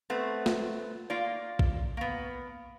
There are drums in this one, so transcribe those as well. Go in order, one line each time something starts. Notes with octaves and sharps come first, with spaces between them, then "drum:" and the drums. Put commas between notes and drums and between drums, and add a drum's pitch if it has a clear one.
A3 B3 C4
drum: snare
A#3 F4 D5
drum: kick A#1
A#3 B3